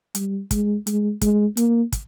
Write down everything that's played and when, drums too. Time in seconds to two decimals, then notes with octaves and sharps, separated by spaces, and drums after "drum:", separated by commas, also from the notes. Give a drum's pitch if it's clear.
0.15 G3, drum: hi-hat
0.51 G#3, drum: kick, hi-hat
0.87 G#3, drum: hi-hat
1.21 G#3, drum: kick, hi-hat
1.57 A#3, drum: hi-hat
1.92 drum: kick, hi-hat